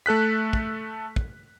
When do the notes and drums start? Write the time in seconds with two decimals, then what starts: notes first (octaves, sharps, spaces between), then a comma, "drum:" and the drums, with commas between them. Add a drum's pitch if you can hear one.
0.06 A3 A4 F#6 B6
0.53 drum: kick
1.16 drum: kick